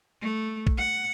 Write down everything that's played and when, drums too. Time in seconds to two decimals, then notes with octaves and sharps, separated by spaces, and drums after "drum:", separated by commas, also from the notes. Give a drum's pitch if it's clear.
0.22 A3
0.67 drum: kick A#1
0.77 F#5